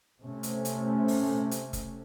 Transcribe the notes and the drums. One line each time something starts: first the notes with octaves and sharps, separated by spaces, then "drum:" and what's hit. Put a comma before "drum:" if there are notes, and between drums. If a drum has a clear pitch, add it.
C3 A3 C#4
drum: hi-hat
drum: hi-hat
drum: open hi-hat
drum: hi-hat
drum: kick F1, hi-hat